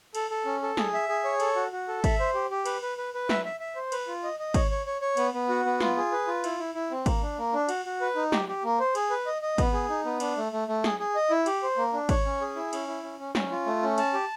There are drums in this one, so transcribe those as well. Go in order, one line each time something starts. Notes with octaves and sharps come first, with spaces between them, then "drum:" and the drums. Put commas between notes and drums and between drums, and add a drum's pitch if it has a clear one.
A4, drum: cymbal
A4
C#4
A4
G#4, drum: snare
E5
G#4
C#5
A4, drum: cymbal
F#4
F#4
A4
E5, drum: kick G#1, cymbal
C5
G4
G4
B4, drum: cymbal
B4
B4
B4
E5, drum: snare
E5
E5
C5
B4, drum: cymbal
F4
D#5
D#5
C#5, drum: kick G#1, cymbal
C#5
C#5
C#5
B3, drum: cymbal
B3
F#4
B3
F4, drum: snare
G#4
B4
F4
E4, drum: cymbal
E4
E4
C4
A#3, drum: kick G#1, cymbal
D4
A#3
D4
F#4, drum: cymbal
F#4
B4
D#4
G4, drum: snare
G4
A#3
C5
G#4, drum: cymbal
B4
D#5
D#5
B3, drum: kick G#1, cymbal
G#4
D#4
B3
D4, drum: cymbal
A3
A3
A3
G#4, drum: snare
G#4
D#5
E4
G4, drum: cymbal
C5
A#3
D4
C#5, drum: kick G#1, cymbal
C#4
G#4
E4
C#4, drum: cymbal
E4
C#4
C#4
C#4, drum: snare
F4
A3
C#4
A5, drum: cymbal
G4